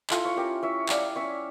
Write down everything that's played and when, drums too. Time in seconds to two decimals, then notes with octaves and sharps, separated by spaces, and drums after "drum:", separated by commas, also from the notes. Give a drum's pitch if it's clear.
0.10 E4 F4 A4, drum: clap
0.25 C#5
0.36 C#4 G4 A#4
0.63 E4 C#5 E5
0.89 G3 D5 F5, drum: clap
1.16 C#4 C#5 E5